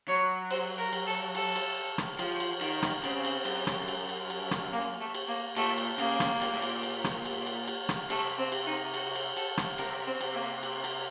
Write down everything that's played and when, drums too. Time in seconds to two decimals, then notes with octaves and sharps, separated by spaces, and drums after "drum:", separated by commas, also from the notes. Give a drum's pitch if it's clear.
0.08 F#3 C#5
0.51 C5, drum: cymbal
0.78 A#4
0.93 drum: cymbal
1.07 A4
1.35 A4, drum: cymbal
1.56 drum: cymbal
1.98 drum: rim click
2.19 F3, drum: cymbal
2.40 drum: cymbal
2.61 D#3, drum: cymbal
2.82 drum: rim click
3.04 C#3 C4, drum: cymbal
3.25 drum: cymbal
3.45 F#2, drum: cymbal
3.67 drum: rim click
3.88 drum: cymbal
4.09 drum: cymbal
4.30 drum: cymbal
4.51 drum: rim click
4.73 A#3
5.01 A3
5.14 drum: cymbal
5.28 A#3
5.56 A#2 A3, drum: cymbal
5.78 drum: cymbal
5.98 C#3 A#3, drum: cymbal
6.20 drum: rim click
6.42 A#2, drum: cymbal
6.51 A2
6.62 A#2, drum: cymbal
6.83 drum: cymbal
7.04 drum: rim click
7.25 drum: cymbal
7.47 drum: cymbal
7.68 drum: cymbal
7.89 drum: rim click
8.10 C3 A3, drum: cymbal
8.38 C4
8.52 drum: cymbal
8.66 D#4
8.94 F#4, drum: cymbal
9.15 drum: cymbal
9.37 A4, drum: cymbal
9.57 drum: rim click
9.78 C3 A#4, drum: cymbal
10.07 C4
10.21 C3, drum: cymbal
10.34 A#3
10.63 drum: cymbal
10.84 drum: cymbal